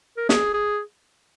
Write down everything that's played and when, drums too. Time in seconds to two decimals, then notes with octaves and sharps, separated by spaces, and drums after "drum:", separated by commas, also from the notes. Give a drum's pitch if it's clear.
0.17 A#4
0.29 G#4, drum: snare
0.54 G#4